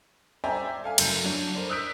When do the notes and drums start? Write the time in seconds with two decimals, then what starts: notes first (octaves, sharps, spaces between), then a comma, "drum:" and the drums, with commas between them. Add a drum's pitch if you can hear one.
0.44 C5 D5 E5 G5 G#5 A#5
0.84 A4 F5 G#5
0.98 F#1 F#2 A3 G6, drum: cymbal
1.24 F#3 D4
1.55 A#4 C5 D5
1.70 D#6 E6 F#6 G6 B6 D7